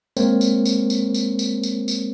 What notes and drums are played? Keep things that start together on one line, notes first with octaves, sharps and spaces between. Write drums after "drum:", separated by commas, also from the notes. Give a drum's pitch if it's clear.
G#3 A#3 C4 A#4 C5 C#5, drum: tambourine
drum: tambourine
drum: tambourine
drum: tambourine
drum: tambourine
drum: tambourine
drum: tambourine
drum: tambourine